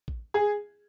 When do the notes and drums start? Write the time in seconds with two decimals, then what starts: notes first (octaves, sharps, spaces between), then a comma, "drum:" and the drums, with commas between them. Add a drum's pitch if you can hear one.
0.08 drum: kick A1
0.34 G#4